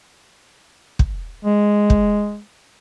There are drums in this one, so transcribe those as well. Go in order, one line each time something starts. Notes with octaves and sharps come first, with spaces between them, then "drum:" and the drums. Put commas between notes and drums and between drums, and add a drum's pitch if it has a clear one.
drum: kick
G#3
drum: kick